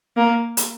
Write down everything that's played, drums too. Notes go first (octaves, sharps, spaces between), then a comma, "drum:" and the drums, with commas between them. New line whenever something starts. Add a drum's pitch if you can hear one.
A#3
drum: hi-hat